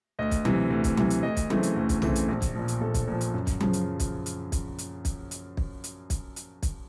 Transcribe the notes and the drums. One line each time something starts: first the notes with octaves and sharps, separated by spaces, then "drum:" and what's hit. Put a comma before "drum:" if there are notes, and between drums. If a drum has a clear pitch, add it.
D2 D#5
drum: kick, hi-hat
C3 E3, drum: tom F#3
D2
drum: kick, hi-hat
C3 E3, drum: tom F#3
drum: hi-hat
D2 D#5
drum: kick, hi-hat
C#3 E3 A3 C4, drum: tom F#3
drum: hi-hat
D2
drum: kick, hi-hat
C#3 E3 A3 C4, drum: tom
drum: hi-hat
A#1
drum: kick, hi-hat
A#2 F3
drum: hi-hat
A#1 A4
drum: kick, hi-hat
A#2 F3
drum: hi-hat
F#2
drum: kick, hi-hat
C#3 F3, drum: tom F#3
drum: hi-hat
drum: kick, hi-hat
drum: hi-hat
drum: kick, hi-hat
drum: hi-hat
drum: kick, hi-hat
drum: hi-hat
drum: kick
drum: hi-hat
drum: kick, hi-hat
drum: hi-hat
drum: kick, hi-hat